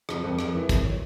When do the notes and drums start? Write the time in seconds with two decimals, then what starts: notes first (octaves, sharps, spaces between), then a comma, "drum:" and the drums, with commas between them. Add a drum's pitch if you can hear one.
0.09 F2 G#4, drum: rim click
0.23 F2 A#4
0.39 F2 G#4, drum: rim click
0.53 E3 A#4
0.69 F2 A#4, drum: kick, hi-hat
0.84 C#5